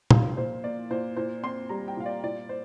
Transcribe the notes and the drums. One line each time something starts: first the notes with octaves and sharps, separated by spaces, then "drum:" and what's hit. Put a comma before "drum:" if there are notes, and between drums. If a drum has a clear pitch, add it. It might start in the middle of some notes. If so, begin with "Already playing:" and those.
F3 F5, drum: tom A#2
A#2 C5
A#3 D5
A#2 C5
A#2 C5
C4 C6
G3 A#5
G5
A#2 F5
D5
A#2 D5
C5